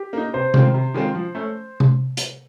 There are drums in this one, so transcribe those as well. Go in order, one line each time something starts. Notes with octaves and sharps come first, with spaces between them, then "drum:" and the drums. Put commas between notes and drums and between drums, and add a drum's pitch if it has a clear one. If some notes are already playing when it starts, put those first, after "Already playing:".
Already playing: G4
A#3 D#4
C3 C5
D#3 G#3 C4 F4, drum: tom C3
C3
D#3 G#3 C4 F4
F3
A3 C#4
drum: tom C3
drum: hi-hat